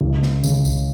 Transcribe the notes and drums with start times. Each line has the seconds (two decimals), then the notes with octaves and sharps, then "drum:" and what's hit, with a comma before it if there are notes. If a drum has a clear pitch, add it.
0.01 C#2
0.23 drum: snare
0.44 C#3, drum: tambourine
0.65 drum: kick C2, tambourine